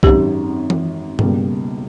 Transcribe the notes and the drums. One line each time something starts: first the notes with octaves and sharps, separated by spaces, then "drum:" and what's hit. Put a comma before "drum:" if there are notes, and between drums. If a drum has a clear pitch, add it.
G#1 F#2 D#3 G4, drum: kick B1
drum: tom E3
C#2 B2 G3 A#3, drum: tom G2